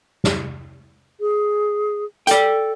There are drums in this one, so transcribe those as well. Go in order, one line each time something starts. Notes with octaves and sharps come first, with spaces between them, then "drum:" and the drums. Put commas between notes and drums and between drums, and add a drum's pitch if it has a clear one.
drum: snare
G#4
A4 D5 G5, drum: hi-hat